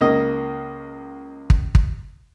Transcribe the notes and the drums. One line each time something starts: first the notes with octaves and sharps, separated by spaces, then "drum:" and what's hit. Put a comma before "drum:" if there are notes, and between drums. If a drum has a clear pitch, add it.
C#2 A#3 D#5 D#6
drum: kick
drum: kick